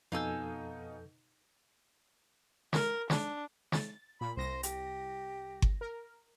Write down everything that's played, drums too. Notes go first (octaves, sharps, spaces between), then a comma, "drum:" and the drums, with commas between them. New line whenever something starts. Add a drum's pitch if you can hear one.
F2 B2 D#4 A4 F5 G#5 E6 G6
A#4, drum: snare
D4, drum: snare
A6, drum: snare
A#2 B5
C2 C5 A#6
G4, drum: hi-hat
drum: kick G1
A#4